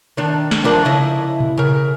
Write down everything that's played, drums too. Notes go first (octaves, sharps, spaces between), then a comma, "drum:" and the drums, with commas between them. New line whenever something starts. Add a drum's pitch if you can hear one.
D#3 D4
drum: snare
F3 D4 A#4
C#3 E4 D#5
drum: tom A#2
C#3 A#4